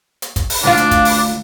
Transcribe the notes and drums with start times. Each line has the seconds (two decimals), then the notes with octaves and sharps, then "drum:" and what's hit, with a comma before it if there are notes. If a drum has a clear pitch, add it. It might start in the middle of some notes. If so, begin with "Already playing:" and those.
0.22 drum: hi-hat
0.36 drum: kick, hi-hat
0.50 drum: open hi-hat
0.64 D2 D4 F4
0.77 drum: hi-hat
0.91 drum: kick, hi-hat
1.05 drum: open hi-hat